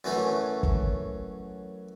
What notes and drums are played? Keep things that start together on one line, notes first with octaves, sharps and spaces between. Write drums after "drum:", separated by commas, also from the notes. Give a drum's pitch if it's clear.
F#2 E3 F#3 A3 C#4
drum: kick